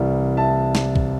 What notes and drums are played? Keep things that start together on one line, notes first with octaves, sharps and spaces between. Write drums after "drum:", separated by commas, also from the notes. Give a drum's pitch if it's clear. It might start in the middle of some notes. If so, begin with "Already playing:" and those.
Already playing: C2 C3 E3 G3 E5
E5 A5
drum: snare
drum: kick B1